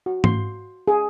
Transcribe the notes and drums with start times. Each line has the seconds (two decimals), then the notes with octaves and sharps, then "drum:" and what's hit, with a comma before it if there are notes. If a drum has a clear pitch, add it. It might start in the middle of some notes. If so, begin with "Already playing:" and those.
0.06 F#4
0.24 C6, drum: tom G#2
0.88 G#4